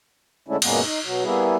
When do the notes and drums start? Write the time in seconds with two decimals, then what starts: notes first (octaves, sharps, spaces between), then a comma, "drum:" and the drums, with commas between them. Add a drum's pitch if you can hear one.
0.48 D3 G#3 A3 C#4 D4 E4
0.62 F#2 A#2 C#3 G#3 A#3 B3, drum: cymbal
0.84 D#4
1.04 B2 F#3
1.24 G3 A#3 B3 E4 G#4